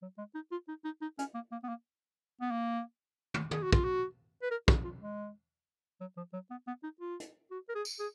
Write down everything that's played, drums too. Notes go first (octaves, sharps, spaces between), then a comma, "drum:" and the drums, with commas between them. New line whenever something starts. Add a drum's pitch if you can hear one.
F#3
G#3
D#4
F4
D#4
D#4
D#4
C#4, drum: hi-hat
A#3
A#3
B3
A#3
B3
A#3
drum: tom
G#4, drum: tom
F#4
F4, drum: kick
F#4
B4
A#4
F#4, drum: kick
F4
G#3
F#3
F3
F#3
B3
B3
D#4
F4
drum: hi-hat
F#4
A#4
G#4
drum: tambourine
G#4